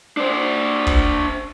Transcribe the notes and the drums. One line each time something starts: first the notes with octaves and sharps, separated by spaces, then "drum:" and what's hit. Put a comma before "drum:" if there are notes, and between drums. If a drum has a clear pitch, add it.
D4 C5
drum: kick